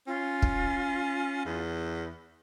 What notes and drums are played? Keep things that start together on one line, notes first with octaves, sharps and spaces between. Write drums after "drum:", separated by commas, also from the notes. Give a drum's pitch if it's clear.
C#4 F4
drum: kick
E2